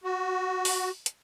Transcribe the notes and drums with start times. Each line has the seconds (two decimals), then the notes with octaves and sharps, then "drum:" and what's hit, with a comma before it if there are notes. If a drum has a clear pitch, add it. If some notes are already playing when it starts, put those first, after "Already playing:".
0.04 F#4
0.65 drum: open hi-hat
1.06 drum: hi-hat